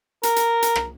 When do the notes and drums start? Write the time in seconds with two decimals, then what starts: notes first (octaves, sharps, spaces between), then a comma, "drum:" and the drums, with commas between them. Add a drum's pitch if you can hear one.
0.23 A#4, drum: hi-hat
0.36 drum: hi-hat
0.62 drum: hi-hat
0.75 drum: rim click